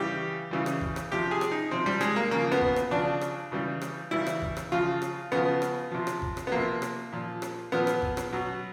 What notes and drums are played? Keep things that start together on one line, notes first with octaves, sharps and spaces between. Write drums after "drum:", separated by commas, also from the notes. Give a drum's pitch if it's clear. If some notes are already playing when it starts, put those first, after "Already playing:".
Already playing: C#3 E3 G3 G4
C#3 E3 G3
drum: rim click
drum: kick G#1
drum: rim click
C3 F3 G4
G#4
drum: rim click
D#4
C3 F3 C4
G3
G#3, drum: rim click
A#3
C#3 F3 A#3
B3
drum: kick G#1
drum: rim click
C#3 F3 D4
drum: rim click
C#3 E3 G3
drum: rim click
C#3 E3 G3 E4
drum: rim click
drum: kick G#1
drum: rim click
C#3 F3 F4
drum: rim click
C#3 F3 B3
drum: rim click
C3 F3
drum: rim click
drum: kick G#1
drum: rim click
B3
C3 F3 A#3
drum: rim click
A#2 F3
drum: rim click
A#2 F3 B3
drum: rim click
drum: kick G#1
drum: rim click
B2 F#3